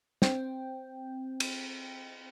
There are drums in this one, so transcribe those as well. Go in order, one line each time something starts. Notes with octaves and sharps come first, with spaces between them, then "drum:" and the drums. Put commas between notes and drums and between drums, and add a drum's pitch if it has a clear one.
C4 G5, drum: snare
drum: cymbal